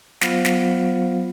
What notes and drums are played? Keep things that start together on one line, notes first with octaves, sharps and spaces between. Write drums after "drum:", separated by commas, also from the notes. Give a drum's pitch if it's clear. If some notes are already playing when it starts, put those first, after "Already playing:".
F#3 B3 F4 C5 F5, drum: snare
drum: snare